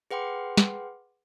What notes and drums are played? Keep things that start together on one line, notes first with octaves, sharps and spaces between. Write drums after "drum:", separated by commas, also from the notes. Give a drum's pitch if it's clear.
G#4 B4 F#5 G5 C6 D6
drum: snare